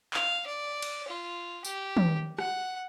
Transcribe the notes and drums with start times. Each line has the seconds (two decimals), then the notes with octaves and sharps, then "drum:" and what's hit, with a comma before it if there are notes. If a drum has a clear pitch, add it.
0.14 F5, drum: clap
0.46 D5
0.82 drum: cymbal
1.09 F4
1.64 G4, drum: tambourine
1.97 drum: tom
2.39 F#5, drum: rim click